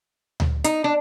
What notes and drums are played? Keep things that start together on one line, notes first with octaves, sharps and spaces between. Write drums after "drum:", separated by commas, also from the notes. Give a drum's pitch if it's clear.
drum: tom D2
D#4, drum: hi-hat
D4